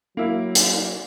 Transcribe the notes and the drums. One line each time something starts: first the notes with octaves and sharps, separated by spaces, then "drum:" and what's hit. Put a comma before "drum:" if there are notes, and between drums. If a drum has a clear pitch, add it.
F#3 A#3 E4
drum: hi-hat